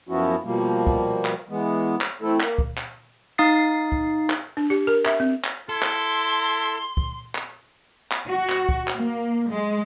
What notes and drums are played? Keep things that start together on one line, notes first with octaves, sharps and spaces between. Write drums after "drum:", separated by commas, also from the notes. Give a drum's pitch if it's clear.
F#2 F3 B3 C#4 E4 F#4
B2 F3 G3 A#3
drum: kick
drum: clap
E3 G#3 B3
drum: clap
E3 A3 C4 E4 A4
A#3, drum: clap
drum: kick
drum: clap
D#4 F5 D#6 A6 C7
drum: kick
drum: clap
D4
G4
A#4
E5, drum: clap
C4
drum: clap
E4 A4 C6
drum: clap
drum: kick
drum: clap
drum: clap
F#4
drum: clap
drum: kick
drum: clap
A#3
G#3